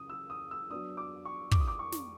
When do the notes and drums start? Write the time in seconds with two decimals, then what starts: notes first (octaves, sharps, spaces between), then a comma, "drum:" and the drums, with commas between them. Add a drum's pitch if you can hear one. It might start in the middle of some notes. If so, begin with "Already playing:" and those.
Already playing: C#3 D#6
0.09 E6
0.30 D#6
0.51 E6
0.71 F#3 B3 D4 D#6
0.97 D6
1.25 C#6
1.51 D6, drum: kick
1.60 D#6
1.67 D6
1.79 C#6
1.92 drum: snare